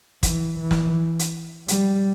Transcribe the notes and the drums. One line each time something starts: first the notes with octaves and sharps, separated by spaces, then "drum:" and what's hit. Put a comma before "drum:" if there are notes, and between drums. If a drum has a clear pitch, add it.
E3, drum: kick, hi-hat
E3
drum: snare
drum: hi-hat
G3, drum: hi-hat